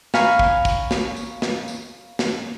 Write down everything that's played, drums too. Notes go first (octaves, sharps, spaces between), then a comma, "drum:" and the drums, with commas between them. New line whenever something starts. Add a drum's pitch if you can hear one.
C#5 F5 G#5 A#5 B5, drum: snare
drum: kick
drum: kick, tambourine
drum: snare
drum: tambourine
drum: snare
drum: tambourine
drum: snare